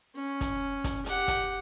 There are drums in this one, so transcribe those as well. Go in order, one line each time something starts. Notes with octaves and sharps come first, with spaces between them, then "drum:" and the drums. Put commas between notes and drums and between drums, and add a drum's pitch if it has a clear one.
C#4
drum: kick, hi-hat
drum: kick, hi-hat
G4 F#5, drum: hi-hat
drum: kick, hi-hat